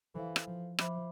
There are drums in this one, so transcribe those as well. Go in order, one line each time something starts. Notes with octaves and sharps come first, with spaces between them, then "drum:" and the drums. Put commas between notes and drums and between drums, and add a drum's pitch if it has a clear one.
E3 A4 C5 F5
drum: rim click
F3
F3 C5 E5 B5 D6, drum: rim click